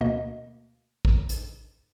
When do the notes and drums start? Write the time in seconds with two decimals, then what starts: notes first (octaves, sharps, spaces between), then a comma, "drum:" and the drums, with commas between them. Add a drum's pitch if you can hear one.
0.01 D2 B2 A#3 D#5
1.05 drum: kick
1.29 drum: hi-hat